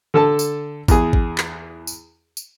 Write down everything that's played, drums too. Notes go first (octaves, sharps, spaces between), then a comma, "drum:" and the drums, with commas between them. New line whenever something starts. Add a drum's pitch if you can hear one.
D3 A4 A5
drum: tambourine
E2 G#4, drum: kick, tambourine
drum: kick
drum: clap
drum: tambourine
drum: tambourine